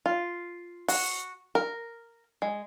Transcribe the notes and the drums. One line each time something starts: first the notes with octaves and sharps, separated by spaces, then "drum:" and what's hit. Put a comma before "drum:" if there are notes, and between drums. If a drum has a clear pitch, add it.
F4
F#4, drum: open hi-hat
A#4
G#3